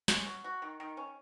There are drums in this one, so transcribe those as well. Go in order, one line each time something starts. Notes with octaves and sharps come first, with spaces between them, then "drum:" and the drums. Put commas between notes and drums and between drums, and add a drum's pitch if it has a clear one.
C#4, drum: snare
F#3
F#4
D#3
D#3
C#4